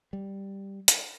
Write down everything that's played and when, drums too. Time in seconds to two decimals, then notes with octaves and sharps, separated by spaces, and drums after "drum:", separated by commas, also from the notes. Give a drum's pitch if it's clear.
0.13 G3
0.88 drum: hi-hat